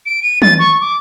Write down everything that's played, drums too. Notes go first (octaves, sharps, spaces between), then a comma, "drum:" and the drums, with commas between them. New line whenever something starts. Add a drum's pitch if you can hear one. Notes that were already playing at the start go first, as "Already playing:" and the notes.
D7
D#7
A6, drum: tom
C#6
D6